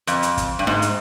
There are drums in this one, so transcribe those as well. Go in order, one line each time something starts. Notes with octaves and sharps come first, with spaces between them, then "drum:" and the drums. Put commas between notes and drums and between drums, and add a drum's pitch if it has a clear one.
F2, drum: hi-hat
drum: hi-hat
drum: kick, hi-hat
G2
G#2, drum: snare D4
drum: hi-hat